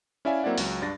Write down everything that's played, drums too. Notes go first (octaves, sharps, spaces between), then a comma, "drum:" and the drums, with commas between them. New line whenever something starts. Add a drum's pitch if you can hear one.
C#4 E4 D5 E5 F5 G#5
F#3 A#3 C4 E4 D5 F#5
C#2 F#3, drum: open hi-hat
G2 D4 A6 A#6